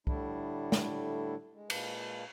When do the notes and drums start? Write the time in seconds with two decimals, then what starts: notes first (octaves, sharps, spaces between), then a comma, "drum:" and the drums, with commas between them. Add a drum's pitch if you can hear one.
0.07 A2 D3 G3 A3 D4 E4, drum: kick
0.72 drum: snare
1.54 G#3
1.70 A#2 G#3 B4 F5 A5, drum: cymbal